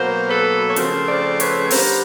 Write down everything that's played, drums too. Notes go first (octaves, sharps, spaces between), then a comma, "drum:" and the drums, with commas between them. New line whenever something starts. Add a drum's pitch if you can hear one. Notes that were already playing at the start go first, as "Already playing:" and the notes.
Already playing: B2 F#3 A#3 A#4 C5
A4 B4
C#5
C#3 F3 A3 C4 A#4 C5, drum: hi-hat
C5 D5
B4 C#5, drum: hi-hat
D3 G3 B3 A#4 C5, drum: open hi-hat